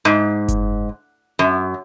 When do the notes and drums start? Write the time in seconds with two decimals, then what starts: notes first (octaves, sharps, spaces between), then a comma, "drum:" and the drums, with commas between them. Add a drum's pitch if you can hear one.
0.05 G#2
0.48 drum: kick F#1, hi-hat
1.39 F#2